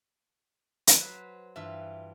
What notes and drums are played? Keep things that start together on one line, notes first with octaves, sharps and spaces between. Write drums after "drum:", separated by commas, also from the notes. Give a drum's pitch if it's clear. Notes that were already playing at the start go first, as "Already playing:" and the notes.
drum: hi-hat
F#3 B4 C5
G2 E3 F4 E5